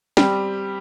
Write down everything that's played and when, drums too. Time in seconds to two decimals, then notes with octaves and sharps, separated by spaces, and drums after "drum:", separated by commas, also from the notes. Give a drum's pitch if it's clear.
0.17 G3 C4 G4, drum: snare